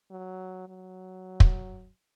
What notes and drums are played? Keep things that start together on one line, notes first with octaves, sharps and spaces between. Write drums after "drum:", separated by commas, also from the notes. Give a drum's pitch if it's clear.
F#3
F#3
drum: kick